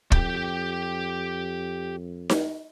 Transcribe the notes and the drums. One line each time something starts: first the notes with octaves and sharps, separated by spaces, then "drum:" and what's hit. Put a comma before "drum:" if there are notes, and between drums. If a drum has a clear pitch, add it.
F2 G4 G5, drum: kick
drum: snare D#4